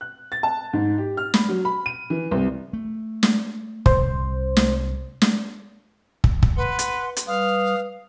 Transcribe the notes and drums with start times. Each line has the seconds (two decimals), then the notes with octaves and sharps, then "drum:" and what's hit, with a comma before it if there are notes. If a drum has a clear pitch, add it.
0.01 F#6
0.32 A6
0.43 A5
0.73 G#2
0.98 G4
1.17 F6
1.34 B5, drum: snare
1.49 F#3
1.65 B5
1.86 D#7
2.10 E3
2.31 C2
2.73 A3
3.23 drum: snare
3.86 C2 C5, drum: kick
4.57 drum: snare
5.22 drum: snare
6.24 drum: kick
6.43 drum: kick
6.57 B4 F#5 C6
6.79 drum: hi-hat
7.17 drum: hi-hat
7.27 G3 B4 F5 D#6